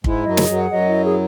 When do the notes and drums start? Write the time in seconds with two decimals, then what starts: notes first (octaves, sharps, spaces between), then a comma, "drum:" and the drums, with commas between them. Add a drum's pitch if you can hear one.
0.04 G#2 G#3 E4, drum: kick
0.22 F#2 F#3 D#5
0.37 G#4, drum: snare
0.49 F#2 F#3
0.54 F#5
0.70 F#2 F#3 D#5
0.87 E4
1.04 G#4